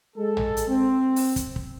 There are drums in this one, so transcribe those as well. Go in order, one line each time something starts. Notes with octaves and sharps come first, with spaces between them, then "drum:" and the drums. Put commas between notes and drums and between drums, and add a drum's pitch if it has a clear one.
G#3 A4
drum: tom
drum: hi-hat
C4
drum: open hi-hat
drum: kick, hi-hat
drum: kick